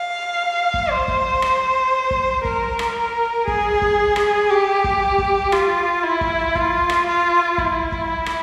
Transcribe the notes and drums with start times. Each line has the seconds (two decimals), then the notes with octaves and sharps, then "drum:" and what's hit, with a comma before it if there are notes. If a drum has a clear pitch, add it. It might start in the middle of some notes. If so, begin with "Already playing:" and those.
Already playing: F5
0.74 drum: kick
0.91 C5
1.08 drum: kick
1.42 drum: rim click
2.11 drum: kick
2.45 A#4, drum: kick
2.79 drum: rim click
3.48 G#4, drum: kick
3.82 drum: kick
4.16 drum: rim click
4.50 G4
4.84 drum: kick
5.18 drum: kick
5.52 F4, drum: rim click
6.03 E4
6.21 drum: kick
6.55 F4, drum: kick
6.89 drum: rim click
7.07 F4
7.58 E4, drum: kick
7.92 drum: kick
8.26 drum: rim click